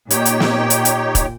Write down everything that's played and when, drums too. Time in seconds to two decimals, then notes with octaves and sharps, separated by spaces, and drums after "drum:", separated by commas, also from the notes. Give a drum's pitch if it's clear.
0.11 A#2 D#4 G4 C#5 G5, drum: hi-hat
0.25 drum: hi-hat
0.40 drum: snare
0.70 drum: hi-hat
0.85 drum: hi-hat
1.15 drum: kick, hi-hat